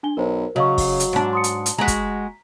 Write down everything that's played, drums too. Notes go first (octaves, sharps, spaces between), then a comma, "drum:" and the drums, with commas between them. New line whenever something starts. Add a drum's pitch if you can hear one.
D4 G#5 G7
B1 A#4 C5
C#3 F#3 D#5 F5 C#6
drum: kick, open hi-hat
drum: hi-hat
G#2 D4
C6 D#6 C#7
drum: hi-hat
drum: hi-hat
G#3 F#4 A#5 B6
drum: kick, hi-hat